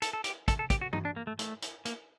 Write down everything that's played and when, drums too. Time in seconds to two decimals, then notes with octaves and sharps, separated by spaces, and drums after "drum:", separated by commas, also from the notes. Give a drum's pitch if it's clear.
0.02 A4, drum: hi-hat
0.13 A4
0.24 G4, drum: hi-hat
0.48 A4, drum: kick, hi-hat
0.59 A4
0.70 G4, drum: kick, hi-hat
0.81 F#4
0.93 D#4, drum: tom G2
1.05 D4
1.16 A#3
1.27 A3
1.39 A3, drum: hi-hat
1.62 drum: hi-hat
1.85 A#3, drum: hi-hat